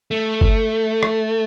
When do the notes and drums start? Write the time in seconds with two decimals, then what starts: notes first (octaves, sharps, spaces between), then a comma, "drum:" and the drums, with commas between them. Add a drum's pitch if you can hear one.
0.11 A3
0.41 drum: kick F#1
1.03 drum: rim click